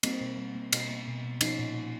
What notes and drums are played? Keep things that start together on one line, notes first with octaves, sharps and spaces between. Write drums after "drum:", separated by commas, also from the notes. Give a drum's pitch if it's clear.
G3 A#3 C4, drum: cymbal
B2
G3
A#3
B2, drum: cymbal
A#3
B2
B2
F3 C#4 D#4, drum: cymbal
A#2
F3